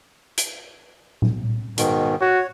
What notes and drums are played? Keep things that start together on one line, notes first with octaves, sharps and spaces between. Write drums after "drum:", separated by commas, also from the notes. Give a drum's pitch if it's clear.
drum: hi-hat
drum: tom A#2
G#2 B2 D#3, drum: hi-hat
F#4 C#5